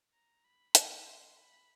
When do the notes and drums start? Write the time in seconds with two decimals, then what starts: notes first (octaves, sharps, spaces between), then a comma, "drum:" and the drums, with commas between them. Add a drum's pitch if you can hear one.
0.13 A#5
0.44 B5
0.75 B5, drum: hi-hat
1.06 C6
1.37 B5